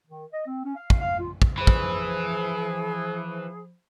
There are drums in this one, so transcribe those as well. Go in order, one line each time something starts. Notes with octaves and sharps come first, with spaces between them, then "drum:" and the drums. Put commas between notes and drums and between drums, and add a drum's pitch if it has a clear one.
D#3
D#5
C4
C#4
F5
drum: kick
F5
F4
drum: kick
E3 F3 G#4 C5 B5
drum: kick